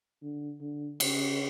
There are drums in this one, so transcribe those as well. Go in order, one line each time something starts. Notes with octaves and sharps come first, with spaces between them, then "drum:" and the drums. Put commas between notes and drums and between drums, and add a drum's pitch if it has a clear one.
D3
D3
C#3, drum: cymbal